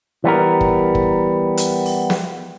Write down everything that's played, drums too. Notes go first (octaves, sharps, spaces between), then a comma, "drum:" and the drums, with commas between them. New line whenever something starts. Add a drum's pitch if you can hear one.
E3 G3 B3 A#4
drum: kick
drum: kick
drum: hi-hat
drum: open hi-hat
drum: snare